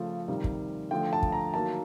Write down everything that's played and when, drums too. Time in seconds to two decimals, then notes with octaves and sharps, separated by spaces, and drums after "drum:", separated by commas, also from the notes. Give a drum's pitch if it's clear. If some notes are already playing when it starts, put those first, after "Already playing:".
Already playing: C#3 F3 A3
0.28 C3 D#3 G3
0.44 drum: kick
0.91 D3 F3 A3 G5
1.13 A5
1.23 drum: kick
1.32 A#5
1.54 D#3 F#3 A#3 A5